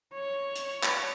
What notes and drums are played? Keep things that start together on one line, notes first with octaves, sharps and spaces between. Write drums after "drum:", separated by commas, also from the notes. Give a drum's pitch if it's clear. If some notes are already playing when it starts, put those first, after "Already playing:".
C#5
drum: hi-hat
drum: clap